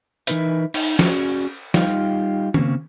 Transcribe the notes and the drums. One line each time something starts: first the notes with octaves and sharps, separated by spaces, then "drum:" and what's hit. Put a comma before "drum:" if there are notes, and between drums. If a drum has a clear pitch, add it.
E3 A3 D#4 A#4 B4 E5, drum: hi-hat
D#4, drum: cymbal
C#4 F#4 G#4 D5, drum: snare
G3 D#4 F4 G4 D#5 F5, drum: snare
C#3 A#3 C4 C#4, drum: tom D#3